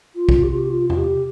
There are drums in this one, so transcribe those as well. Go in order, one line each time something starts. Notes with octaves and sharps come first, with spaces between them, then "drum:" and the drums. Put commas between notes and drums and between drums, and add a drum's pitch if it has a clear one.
F4
C3, drum: kick B1
G4
F4
G4
F4
F4, drum: tom E2
G4